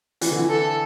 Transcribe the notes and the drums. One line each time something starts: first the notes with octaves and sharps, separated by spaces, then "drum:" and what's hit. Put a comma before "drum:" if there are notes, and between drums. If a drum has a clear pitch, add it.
E3, drum: hi-hat
D3
E3
A4